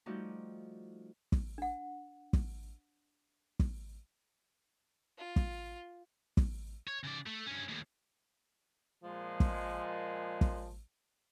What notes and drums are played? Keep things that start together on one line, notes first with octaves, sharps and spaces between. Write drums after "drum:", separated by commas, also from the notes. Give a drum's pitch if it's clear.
F3 G3 A3 D#4 F#4 G4
drum: kick
D4 F#5
drum: kick
drum: kick
F4
drum: kick
drum: kick
C#5
C#3 D5
A3
G2 C#4
D#2 A2
A#2 F3 G#3
drum: kick
drum: kick